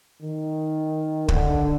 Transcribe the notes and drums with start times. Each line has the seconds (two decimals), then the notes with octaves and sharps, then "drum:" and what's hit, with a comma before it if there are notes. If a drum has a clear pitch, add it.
0.21 D#3
1.28 D3, drum: kick